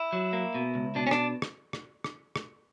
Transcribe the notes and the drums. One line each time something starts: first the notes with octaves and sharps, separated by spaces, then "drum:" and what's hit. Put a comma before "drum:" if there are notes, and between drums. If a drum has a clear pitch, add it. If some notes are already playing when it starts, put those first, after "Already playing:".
Already playing: E4
F#3
A#3
B2
C#2
B2 D4
C#4
D4, drum: rim click
drum: rim click
drum: rim click
drum: rim click
drum: rim click